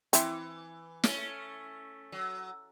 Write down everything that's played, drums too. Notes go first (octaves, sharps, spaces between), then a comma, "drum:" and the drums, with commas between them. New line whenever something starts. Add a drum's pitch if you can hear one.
E3 C4 E4, drum: hi-hat
A3 C#4, drum: snare
F#3